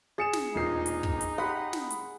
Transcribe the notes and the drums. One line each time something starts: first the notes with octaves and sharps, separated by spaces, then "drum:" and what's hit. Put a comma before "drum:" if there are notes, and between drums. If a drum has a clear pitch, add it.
G#4 A6 C#7 E7
drum: snare
E1 A#2 D#4 C7
drum: hi-hat
drum: kick
drum: hi-hat
G4 F#5 B5 C6
drum: snare
drum: hi-hat